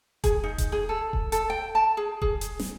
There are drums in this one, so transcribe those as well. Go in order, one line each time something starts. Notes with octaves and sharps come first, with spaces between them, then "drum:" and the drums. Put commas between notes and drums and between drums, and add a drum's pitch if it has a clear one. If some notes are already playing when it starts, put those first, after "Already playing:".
G#4, drum: kick D#1, hi-hat
D#4
drum: kick D#1, hi-hat
G#4
A4
drum: kick D#1
A4, drum: hi-hat
G5
A5
G#4
G#4, drum: kick D#1
drum: hi-hat
drum: snare